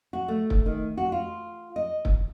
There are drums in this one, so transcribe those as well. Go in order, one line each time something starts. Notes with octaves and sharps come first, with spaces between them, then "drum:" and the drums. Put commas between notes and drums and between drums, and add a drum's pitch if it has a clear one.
F#4
A3
drum: kick
D#3
F#4
F4
D#5
drum: kick